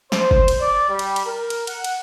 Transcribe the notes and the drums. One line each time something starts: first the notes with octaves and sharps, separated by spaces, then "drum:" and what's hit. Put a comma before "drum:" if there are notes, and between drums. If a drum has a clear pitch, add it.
C5, drum: snare
drum: kick
drum: cymbal
D5
G3
drum: cymbal
drum: cymbal
A#4
drum: cymbal
F#5, drum: cymbal
drum: cymbal